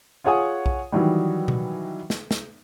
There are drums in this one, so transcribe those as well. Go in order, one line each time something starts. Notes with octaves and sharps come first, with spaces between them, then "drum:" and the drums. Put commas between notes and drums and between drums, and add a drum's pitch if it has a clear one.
F4 G#4 C#5 F#5 G#5 D#6
drum: kick B1
D#3 E3 F#3 G3
drum: tom B2
drum: snare
drum: snare